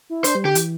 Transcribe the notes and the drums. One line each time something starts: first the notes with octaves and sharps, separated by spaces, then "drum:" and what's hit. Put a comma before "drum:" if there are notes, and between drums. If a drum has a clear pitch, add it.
E4
D4 C5, drum: hi-hat
G3
D3 G4
E3, drum: hi-hat